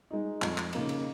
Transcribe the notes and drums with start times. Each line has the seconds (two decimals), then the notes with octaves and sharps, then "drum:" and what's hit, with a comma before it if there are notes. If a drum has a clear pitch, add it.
0.11 G#3 D#4
0.42 F2, drum: clap
0.58 drum: clap
0.73 C#3 A#3 D#4, drum: cymbal
0.89 drum: cymbal